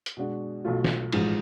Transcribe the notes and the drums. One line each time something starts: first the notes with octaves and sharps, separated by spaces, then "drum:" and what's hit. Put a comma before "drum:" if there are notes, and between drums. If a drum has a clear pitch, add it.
drum: hi-hat
B2 G#3 D4 F#4
B1 B2 A3 F4
drum: snare
A1 G#2 F3 G#3, drum: cymbal